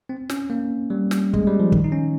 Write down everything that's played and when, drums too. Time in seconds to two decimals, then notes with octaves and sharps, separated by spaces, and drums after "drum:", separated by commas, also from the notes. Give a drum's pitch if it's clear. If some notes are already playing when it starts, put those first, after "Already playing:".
0.09 C4
0.30 C#4, drum: snare
0.50 A#3
0.90 G3
1.11 drum: snare
1.34 G#3, drum: kick
1.47 G3
1.60 F3
1.72 D#3, drum: kick
1.84 D#4
1.92 C#4